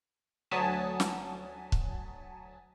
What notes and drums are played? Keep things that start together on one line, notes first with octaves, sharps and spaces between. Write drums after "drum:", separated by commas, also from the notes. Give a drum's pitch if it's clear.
D2 F#3 G#5 A5 D#6 B6
drum: snare
drum: kick C#1